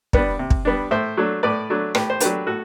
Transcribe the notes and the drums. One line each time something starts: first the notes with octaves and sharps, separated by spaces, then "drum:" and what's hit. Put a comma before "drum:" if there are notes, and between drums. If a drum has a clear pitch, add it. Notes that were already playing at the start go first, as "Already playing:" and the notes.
G3 B3 D4, drum: kick
C3
drum: kick
G3 B3 D4
A2 C5 E5
F#3 A3 D4
A2 B4 D5
F#3 A3 D4
A2 G4 B4, drum: rim click
C5
F#3 A3 D4 G4 B4, drum: hi-hat
A2 F#4 A4